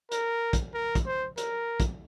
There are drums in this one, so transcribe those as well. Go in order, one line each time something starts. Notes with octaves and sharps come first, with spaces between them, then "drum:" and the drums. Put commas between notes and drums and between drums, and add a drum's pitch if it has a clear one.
A#4, drum: hi-hat
drum: kick, hi-hat
A#4
drum: kick, hi-hat
C5
A#4, drum: hi-hat
drum: kick, hi-hat